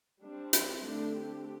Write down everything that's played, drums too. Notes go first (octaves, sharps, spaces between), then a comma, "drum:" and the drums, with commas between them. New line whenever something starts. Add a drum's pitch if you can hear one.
G3 C4 D4
E4, drum: hi-hat
D3 A3 C4 D4
G4